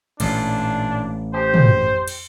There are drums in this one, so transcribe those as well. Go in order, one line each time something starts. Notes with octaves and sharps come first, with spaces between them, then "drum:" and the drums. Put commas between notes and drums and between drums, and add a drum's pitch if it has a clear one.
A1 A#2 D4 F4, drum: cymbal
G4 C5
drum: tom
drum: cymbal